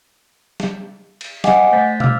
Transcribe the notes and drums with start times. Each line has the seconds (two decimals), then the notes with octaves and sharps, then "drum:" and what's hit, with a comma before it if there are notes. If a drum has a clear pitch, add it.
0.60 drum: snare
1.21 drum: cymbal
1.44 D#5 F5 F#5 G#5 D6, drum: snare
1.72 A3 C5 G6 A6 B6
2.00 F5 D6 E6 F6, drum: tom